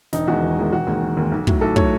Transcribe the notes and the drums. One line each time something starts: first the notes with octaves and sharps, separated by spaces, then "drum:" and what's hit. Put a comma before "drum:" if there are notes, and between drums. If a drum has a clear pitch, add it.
E1 D#4, drum: snare
E2 D#3 G#3 F#4
E1
E2 D#3 G#3
E1 F#4
D#2 D#3 G#3
E1
D#2 D#3 G#3
B1
A2 F#3, drum: kick
B1 A4
A2 F#3 C#5, drum: kick